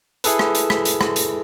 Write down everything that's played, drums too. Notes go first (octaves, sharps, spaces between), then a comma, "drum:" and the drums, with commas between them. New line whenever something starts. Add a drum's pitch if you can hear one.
E4 G#4 A4 B4, drum: hi-hat
drum: rim click
drum: hi-hat
drum: rim click
drum: hi-hat
drum: rim click
drum: hi-hat